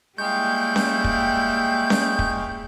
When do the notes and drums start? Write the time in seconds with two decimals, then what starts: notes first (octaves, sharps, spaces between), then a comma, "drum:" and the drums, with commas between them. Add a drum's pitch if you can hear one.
0.18 G3 G#3 A#3 E4 F5 G5 C#6 G6
0.76 drum: snare C#4
1.04 drum: kick
1.90 drum: snare C#4
2.19 drum: kick